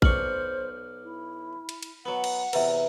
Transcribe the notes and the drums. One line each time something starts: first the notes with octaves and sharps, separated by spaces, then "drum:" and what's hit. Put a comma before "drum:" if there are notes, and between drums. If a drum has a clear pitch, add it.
B1 D4 C5 C#6 F6 F#7, drum: kick A1
E4
drum: cymbal
drum: cymbal
F#3 B3 F#5
drum: cymbal
E2 C3 B4 E5 A#5, drum: cymbal